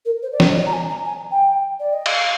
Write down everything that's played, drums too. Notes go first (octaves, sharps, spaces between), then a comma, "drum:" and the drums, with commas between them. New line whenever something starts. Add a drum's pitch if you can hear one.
A#4
C5
D5
C5, drum: snare
D#5
D5
A#5
G#5
A#5
G#5
G5
D5
D#5
F5, drum: cymbal